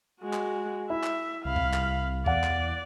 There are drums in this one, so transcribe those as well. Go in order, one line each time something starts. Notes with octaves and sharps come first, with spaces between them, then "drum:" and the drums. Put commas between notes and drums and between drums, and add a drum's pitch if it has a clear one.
G#3 F#4
drum: clap
E4 E5
drum: clap
C2 F5 B5
drum: kick C#2
drum: clap
E2 D5 F5 F#5, drum: kick C#2
drum: clap